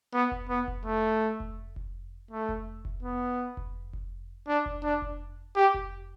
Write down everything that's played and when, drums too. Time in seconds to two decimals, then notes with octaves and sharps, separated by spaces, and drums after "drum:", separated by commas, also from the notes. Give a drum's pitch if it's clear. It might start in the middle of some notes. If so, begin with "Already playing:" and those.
0.13 B3
0.32 drum: kick F1
0.49 B3
0.68 drum: kick F1
0.85 A3
1.40 drum: kick F1
1.76 drum: kick F1
2.31 A3
2.49 drum: kick F1
2.85 drum: kick F1
3.03 B3
3.57 drum: kick F1
3.93 drum: kick F1
4.48 D4
4.66 drum: kick F1
4.84 D4
5.02 drum: kick F1
5.56 G4
5.74 drum: kick F1